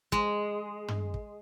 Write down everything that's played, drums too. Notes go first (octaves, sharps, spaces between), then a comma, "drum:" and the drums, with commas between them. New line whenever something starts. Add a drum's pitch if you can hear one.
G#3, drum: kick
drum: tom
drum: kick